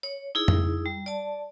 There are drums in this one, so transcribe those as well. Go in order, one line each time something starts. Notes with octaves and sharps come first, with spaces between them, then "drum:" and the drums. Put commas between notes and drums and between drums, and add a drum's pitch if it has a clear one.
C#5
D#4 E4 G#4
drum: tom F2
G3
D5 A5